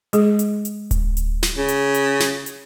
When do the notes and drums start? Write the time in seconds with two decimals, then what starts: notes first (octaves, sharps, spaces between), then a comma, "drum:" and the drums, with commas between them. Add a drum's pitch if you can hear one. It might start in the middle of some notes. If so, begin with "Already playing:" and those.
0.13 G#3 G#4, drum: hi-hat
0.39 drum: hi-hat
0.65 drum: hi-hat
0.91 drum: kick D1, hi-hat
1.17 drum: hi-hat
1.43 drum: snare
1.57 C#3
1.68 drum: hi-hat
1.94 drum: hi-hat
2.20 drum: snare
2.46 drum: hi-hat